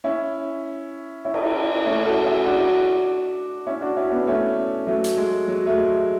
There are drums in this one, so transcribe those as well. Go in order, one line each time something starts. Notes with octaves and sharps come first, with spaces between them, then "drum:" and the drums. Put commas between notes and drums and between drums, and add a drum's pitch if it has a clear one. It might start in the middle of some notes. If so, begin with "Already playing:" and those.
C#4 E4
C#4 E4
drum: cymbal
A3 C#4
F#4 A4
E4 G#4
D4 F#4
C#4 E4
D4 F#4
C#4 E4
B3 D4
A3 C#4
F#3 A3
drum: hi-hat
G#3
F#3
A3
G#3